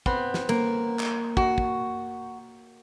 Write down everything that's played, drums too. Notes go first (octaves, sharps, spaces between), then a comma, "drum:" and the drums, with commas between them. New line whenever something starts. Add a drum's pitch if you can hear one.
B3 C4, drum: kick
drum: snare
A#3, drum: cymbal
drum: clap
F#4, drum: kick
drum: kick